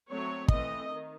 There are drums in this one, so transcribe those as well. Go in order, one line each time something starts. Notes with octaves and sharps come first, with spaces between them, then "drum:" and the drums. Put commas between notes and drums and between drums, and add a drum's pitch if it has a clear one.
F#3 A3 C4 C#5
E3 A3 C4 D#5, drum: kick
D#3